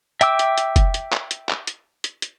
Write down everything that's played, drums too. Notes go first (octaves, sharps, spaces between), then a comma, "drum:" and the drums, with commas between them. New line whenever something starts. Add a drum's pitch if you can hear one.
E5 G5 D6 E6, drum: hi-hat
drum: hi-hat
drum: hi-hat
drum: kick F1, hi-hat
drum: hi-hat
drum: clap
drum: hi-hat
drum: clap
drum: hi-hat
drum: hi-hat
drum: hi-hat